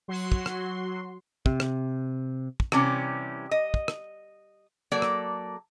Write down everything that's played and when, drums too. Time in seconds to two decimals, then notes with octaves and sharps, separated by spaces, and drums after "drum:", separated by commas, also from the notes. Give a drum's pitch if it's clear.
0.08 F#3 F#4 C6
0.32 drum: kick
0.46 drum: rim click
1.46 C3, drum: kick
1.60 drum: rim click
2.60 drum: kick
2.72 C3 E3 G3 C#4, drum: rim click
3.51 D#5
3.74 drum: kick
3.88 drum: rim click
4.91 F#3 A#3 A4 D5
5.02 drum: rim click